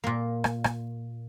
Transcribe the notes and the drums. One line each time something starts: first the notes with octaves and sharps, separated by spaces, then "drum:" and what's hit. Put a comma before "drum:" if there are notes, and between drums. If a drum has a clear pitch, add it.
A#2 A#3
drum: rim click
drum: rim click